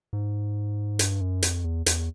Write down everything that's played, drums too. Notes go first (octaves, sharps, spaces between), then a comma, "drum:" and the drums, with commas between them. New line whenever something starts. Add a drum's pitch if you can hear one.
G#2
G2, drum: hi-hat
F#2
F2, drum: hi-hat
E2
E2, drum: hi-hat